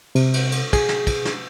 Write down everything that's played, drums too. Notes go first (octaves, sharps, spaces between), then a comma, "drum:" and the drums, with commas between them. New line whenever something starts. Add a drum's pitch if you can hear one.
C3, drum: cymbal
drum: cymbal
drum: cymbal
G#4, drum: kick, cymbal
drum: snare
drum: kick, cymbal
drum: snare